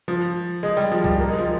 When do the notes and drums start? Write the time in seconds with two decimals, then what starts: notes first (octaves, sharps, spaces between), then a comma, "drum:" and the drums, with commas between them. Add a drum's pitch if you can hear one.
0.08 F3
0.63 G#3
0.77 G3, drum: tambourine
0.92 F3
1.04 G3, drum: kick C2
1.19 A#3
1.29 G#3
1.38 F3